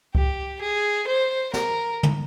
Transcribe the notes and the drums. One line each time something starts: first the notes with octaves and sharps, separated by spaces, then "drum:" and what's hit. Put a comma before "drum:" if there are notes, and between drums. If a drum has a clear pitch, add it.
G4, drum: kick C#2
G#4
C5
A#4, drum: snare
drum: tom